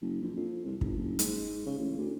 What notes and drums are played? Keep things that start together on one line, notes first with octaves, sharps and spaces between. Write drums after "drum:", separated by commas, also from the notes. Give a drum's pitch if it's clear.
F#1
A#1
F2
C2
G1, drum: kick
F#1
G#2, drum: hi-hat
C#3
A1
D2